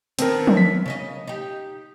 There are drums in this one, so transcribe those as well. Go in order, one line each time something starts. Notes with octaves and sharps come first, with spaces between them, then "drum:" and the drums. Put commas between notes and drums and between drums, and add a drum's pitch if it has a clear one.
D#3 B3 C4 D4 A#4, drum: hi-hat
drum: tom F3
B6
C#3 D#4 D#5
D#4 G4